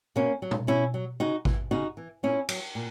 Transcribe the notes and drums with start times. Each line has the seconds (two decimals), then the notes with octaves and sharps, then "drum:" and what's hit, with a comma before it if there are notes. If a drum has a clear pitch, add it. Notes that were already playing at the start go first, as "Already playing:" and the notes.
0.16 B2 A#3 C#4
0.42 F#3
0.51 drum: tom B2
0.67 B2 C#4 E4
0.94 F#3
1.20 C#3 D#4 F#4
1.45 E3, drum: kick G#1
1.71 C#3 D#4 F#4
1.97 E3
2.23 A#2 C#4 E4
2.49 F#3, drum: cymbal
2.75 A#2